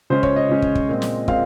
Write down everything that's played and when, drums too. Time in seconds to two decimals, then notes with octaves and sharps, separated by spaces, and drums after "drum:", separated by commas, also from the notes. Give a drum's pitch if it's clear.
0.10 C#3 G#3 C#4 C5
0.23 C#5, drum: kick
0.36 D#5
0.49 C#3 G#3 C#4
0.62 drum: kick
0.75 drum: kick
0.89 A#2 G#3 C4
1.02 drum: snare
1.28 A#2 G#3 C4 F5, drum: kick